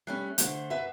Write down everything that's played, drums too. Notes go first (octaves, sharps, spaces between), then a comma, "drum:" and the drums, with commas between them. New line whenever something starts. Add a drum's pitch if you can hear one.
G3 A3 C#4 F#6 C7
D3 A3 C5 F#5, drum: hi-hat
F#2 B4 E5 F#5